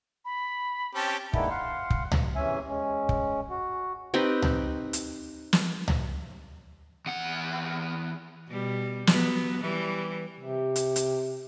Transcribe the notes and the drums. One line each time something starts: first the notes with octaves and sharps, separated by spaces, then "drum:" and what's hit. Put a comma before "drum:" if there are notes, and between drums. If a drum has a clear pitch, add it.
B5
C4 C#4 G4 A5
D#3 G#3 A#3 B3 D4 E4, drum: kick
F5 F#5 C6
drum: kick
drum: tom C#2
E2 C3 E3 C#4 E5 G#5
G#3 C#4
drum: kick
F#4
C4 D#4 G4 B4
drum: tom C#2
drum: hi-hat
drum: snare
drum: tom C#2
E2 F#5
B2 G3
F#3 B3, drum: snare
E3 G3
C3
drum: hi-hat
drum: hi-hat